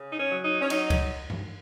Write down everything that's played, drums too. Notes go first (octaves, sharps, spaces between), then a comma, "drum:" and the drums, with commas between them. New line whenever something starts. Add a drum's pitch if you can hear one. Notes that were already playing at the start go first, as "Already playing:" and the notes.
Already playing: C#3
D#4
C#4
F#3
D#4
C#4
F#3 D#4, drum: cymbal
drum: kick C#2, cymbal
drum: tom